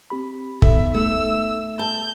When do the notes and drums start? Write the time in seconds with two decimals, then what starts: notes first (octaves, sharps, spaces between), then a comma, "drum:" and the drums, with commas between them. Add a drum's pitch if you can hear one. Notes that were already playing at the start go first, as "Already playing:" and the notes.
0.10 C4 G4 B5
0.62 B3 D#4 A4 E5, drum: kick
0.94 A3 E6
1.79 A5 G6